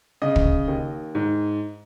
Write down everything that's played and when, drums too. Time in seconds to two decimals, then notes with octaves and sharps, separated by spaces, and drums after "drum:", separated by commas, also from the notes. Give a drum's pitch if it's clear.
0.22 C#3 D#5
0.36 drum: kick
0.68 D#2
1.15 G#2